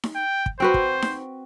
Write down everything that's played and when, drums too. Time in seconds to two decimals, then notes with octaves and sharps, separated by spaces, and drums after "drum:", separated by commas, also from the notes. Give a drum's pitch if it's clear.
0.04 drum: snare D#4
0.16 G5
0.46 drum: kick
0.60 C4 F#4 B4 C5
0.74 drum: kick
1.02 drum: snare D#4